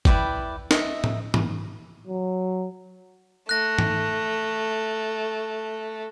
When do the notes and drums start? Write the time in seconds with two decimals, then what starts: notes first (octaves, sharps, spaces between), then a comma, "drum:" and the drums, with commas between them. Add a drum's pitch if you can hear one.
0.05 E4 B4 D5 G5, drum: kick G1
0.71 D#5 E5, drum: snare
1.04 drum: tom A2
1.34 drum: tom G#2
2.07 F#3
3.49 A3 F#6 A#6
3.79 drum: tom G#2